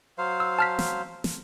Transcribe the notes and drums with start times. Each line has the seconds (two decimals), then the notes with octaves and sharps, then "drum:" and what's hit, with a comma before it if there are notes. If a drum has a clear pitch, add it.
0.18 F#3 C5 F5
0.40 E6
0.59 A5 F6 B6
0.79 drum: snare
1.24 drum: snare